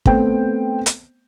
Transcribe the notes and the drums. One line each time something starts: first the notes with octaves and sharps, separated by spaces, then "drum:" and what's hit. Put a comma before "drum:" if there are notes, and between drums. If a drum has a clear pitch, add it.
A3 B3 C4 C5 G5, drum: kick
drum: hi-hat